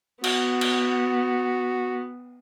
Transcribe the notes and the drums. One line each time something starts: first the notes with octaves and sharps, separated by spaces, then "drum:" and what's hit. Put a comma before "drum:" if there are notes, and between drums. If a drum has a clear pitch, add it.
B3 F#4, drum: cymbal
drum: cymbal